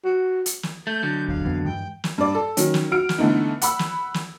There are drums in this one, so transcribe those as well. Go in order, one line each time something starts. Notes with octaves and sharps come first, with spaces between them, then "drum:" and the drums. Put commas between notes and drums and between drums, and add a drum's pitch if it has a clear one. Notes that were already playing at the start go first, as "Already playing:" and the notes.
F#4
drum: hi-hat
drum: snare
A3 G6
D3 F#3
D1 G1 E2 F5
F2 E3 B3
G2 E3 G#3 G5
drum: snare
G2 D5
A4
D#3 F#3 C#4, drum: hi-hat
drum: snare
F#4 F6 D7
drum: snare
D3 E3 A3 B3 D#4
F#5 B5 E6, drum: hi-hat
drum: snare
drum: snare